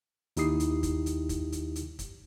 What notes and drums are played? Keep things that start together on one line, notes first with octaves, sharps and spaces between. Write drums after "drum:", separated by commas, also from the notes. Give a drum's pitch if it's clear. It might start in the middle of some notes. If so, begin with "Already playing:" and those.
D#2 D#4 E4 G4 D#6 C7, drum: hi-hat
drum: hi-hat
drum: kick, hi-hat
drum: hi-hat
drum: kick, hi-hat
drum: hi-hat
drum: hi-hat
drum: kick, hi-hat